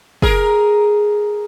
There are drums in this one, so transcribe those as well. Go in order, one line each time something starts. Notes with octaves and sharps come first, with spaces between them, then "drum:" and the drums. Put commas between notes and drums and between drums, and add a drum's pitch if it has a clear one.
G#4 A#4, drum: kick